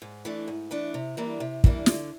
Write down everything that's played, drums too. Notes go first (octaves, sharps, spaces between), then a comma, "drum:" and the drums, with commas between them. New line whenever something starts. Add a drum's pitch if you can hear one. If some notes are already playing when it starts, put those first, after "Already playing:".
G#2
E3 A3 D4
G#2
E3 A3 D4
C3
E3 G3 A#3 D4
C3
E3 G3 A#3 D4, drum: kick
D3, drum: snare